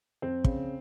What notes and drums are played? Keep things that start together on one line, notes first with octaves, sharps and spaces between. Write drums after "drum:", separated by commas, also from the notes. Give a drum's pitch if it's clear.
F2 C4
C#3, drum: kick